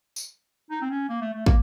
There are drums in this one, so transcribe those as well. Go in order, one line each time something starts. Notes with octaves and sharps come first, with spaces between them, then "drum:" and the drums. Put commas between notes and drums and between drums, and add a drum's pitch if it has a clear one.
drum: tambourine
D#4
C4
C#4
A#3
A3
A3
A#3, drum: kick